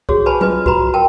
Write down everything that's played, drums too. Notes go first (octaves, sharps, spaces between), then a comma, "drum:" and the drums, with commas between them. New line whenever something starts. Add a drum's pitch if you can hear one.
F#4 G#4 C#5, drum: kick C2
B4 C#5 G#5 A5 B5
F4 B4 D#5, drum: tom F#3
F#4 B4 A#5 B5, drum: kick C2
A#4 G5 A5